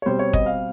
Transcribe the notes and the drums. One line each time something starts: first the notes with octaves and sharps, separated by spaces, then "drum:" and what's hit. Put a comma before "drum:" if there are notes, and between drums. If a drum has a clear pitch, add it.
C#5
B2 G3 C4 C5
C#5
D#5, drum: kick
F5